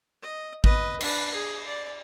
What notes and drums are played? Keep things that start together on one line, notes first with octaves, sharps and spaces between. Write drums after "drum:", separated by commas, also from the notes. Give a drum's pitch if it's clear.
D#5
B4 D#5, drum: kick G#1
D4 B4, drum: cymbal
G#4
D5